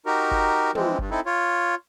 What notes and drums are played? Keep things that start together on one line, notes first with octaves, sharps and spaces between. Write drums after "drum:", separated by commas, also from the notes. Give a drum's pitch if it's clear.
D#4 F#4 G4 A#4
drum: kick F#1
E3 F3 G#3 C4, drum: tom
G2, drum: kick F#1
C4 D#4 E4 A4
F4 C#5